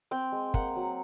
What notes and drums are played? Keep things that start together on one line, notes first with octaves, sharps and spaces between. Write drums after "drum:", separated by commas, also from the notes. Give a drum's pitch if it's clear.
C4 G5
G#3
A#3 F#5, drum: kick
F#3